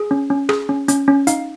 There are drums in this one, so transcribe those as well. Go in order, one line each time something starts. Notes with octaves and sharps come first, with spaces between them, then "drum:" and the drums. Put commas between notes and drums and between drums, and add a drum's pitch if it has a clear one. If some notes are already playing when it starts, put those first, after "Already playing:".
Already playing: G#4
C#4
C#4
G#4, drum: rim click
C#4
C#4, drum: hi-hat
C#4
D#4 F5, drum: hi-hat